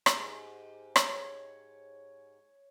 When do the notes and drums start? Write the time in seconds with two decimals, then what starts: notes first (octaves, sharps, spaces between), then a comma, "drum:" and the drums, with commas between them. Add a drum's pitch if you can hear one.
0.06 G#2 G4, drum: rim click
0.96 C#5, drum: rim click